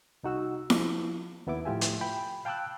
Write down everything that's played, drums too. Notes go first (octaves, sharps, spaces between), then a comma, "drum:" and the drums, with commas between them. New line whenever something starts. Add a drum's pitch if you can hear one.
C2 D#4 F#4 E6
F3, drum: snare E4
D#2 B3 E4 D6
A2 F3 F4 G4 E5 G#5
drum: hi-hat
G5 B5
F5 G5 A5 D6 E6 F#6